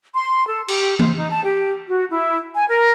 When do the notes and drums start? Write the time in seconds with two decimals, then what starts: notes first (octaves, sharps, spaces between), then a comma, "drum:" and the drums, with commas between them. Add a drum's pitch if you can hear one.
0.15 C6
0.47 A4
0.68 G4, drum: cymbal
0.99 C5, drum: tom E3
1.16 D#4
1.31 A5
1.43 G4
1.88 F#4
2.10 E4
2.55 G#5
2.68 A#4